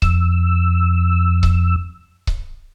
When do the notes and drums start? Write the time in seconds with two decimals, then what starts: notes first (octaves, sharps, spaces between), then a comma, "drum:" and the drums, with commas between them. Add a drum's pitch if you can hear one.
0.02 F2 E6, drum: kick C#1
1.43 drum: kick C#1
2.27 drum: kick C#1